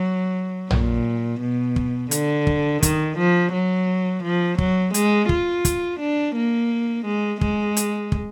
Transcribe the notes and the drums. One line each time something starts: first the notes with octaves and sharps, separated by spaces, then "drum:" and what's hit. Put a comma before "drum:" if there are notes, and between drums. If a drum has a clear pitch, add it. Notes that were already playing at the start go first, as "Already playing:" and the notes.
Already playing: F#3
A#2, drum: tom A#1
B2
drum: kick
D3, drum: hi-hat
drum: kick
D#3, drum: kick, hi-hat
F3
F#3
F3
F#3, drum: kick
G#3, drum: hi-hat
F4, drum: kick
drum: kick, hi-hat
D4
A#3
G#3
G#3, drum: kick
drum: hi-hat
drum: kick